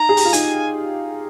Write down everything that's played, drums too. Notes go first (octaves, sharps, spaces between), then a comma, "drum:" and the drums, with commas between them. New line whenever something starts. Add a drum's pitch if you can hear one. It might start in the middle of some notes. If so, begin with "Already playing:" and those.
Already playing: D#4 A#5
G#4
G4, drum: open hi-hat
F4
D#4 G#5, drum: hi-hat